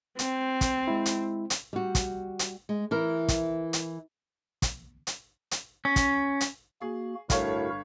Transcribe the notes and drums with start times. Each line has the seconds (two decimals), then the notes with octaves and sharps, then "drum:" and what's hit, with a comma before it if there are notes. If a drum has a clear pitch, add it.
0.19 C4, drum: hi-hat
0.61 drum: kick, hi-hat
0.87 G#3 E4
1.06 drum: hi-hat
1.50 drum: hi-hat
1.73 G3 F#4
1.95 drum: kick, hi-hat
2.39 drum: hi-hat
2.69 G#3
2.91 E3 E4 A#4
3.28 drum: kick, hi-hat
3.73 drum: hi-hat
4.62 drum: kick, hi-hat
5.07 drum: hi-hat
5.51 drum: hi-hat
5.85 C#4
5.96 drum: kick, hi-hat
6.41 drum: hi-hat
6.82 A#3 F#4 G#4
7.30 G1 A2 E4 F#4 A#4 C#5 F5, drum: kick, hi-hat